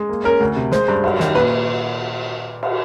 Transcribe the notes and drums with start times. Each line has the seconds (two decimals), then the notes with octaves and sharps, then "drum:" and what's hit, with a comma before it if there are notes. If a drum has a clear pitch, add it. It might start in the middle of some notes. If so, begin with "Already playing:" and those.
Already playing: G#3
0.09 A#3
0.24 C#4 A#4
0.40 D2
0.56 C3
0.71 G#3 C5, drum: snare
0.88 G2
1.04 F#3, drum: cymbal
1.20 D#3, drum: snare
1.35 A#2 B4
2.63 drum: cymbal